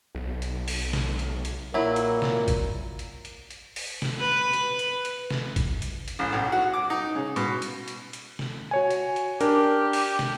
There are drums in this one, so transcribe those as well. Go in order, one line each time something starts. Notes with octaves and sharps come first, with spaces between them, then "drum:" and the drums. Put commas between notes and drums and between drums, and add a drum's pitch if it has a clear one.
B1
drum: hi-hat
drum: open hi-hat
drum: snare
drum: hi-hat
drum: hi-hat
A#2 F#3 E4 A#4
drum: hi-hat
drum: snare
drum: kick, hi-hat
drum: hi-hat
drum: hi-hat
drum: hi-hat
drum: open hi-hat
drum: snare
B4
drum: hi-hat
drum: hi-hat
drum: hi-hat
drum: snare
drum: kick, hi-hat
drum: hi-hat
drum: hi-hat
A1
B1
F#4
D6
D#4
C#3
B2, drum: hi-hat
drum: hi-hat
drum: hi-hat
drum: hi-hat
drum: snare
F#4 C#5 G#5
drum: hi-hat
drum: hi-hat
D4 G4 A#4, drum: hi-hat
drum: open hi-hat
drum: snare